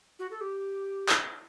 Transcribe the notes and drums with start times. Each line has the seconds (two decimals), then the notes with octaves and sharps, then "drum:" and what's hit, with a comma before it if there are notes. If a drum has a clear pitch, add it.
0.19 F#4
0.31 A4
0.41 G4
1.09 drum: clap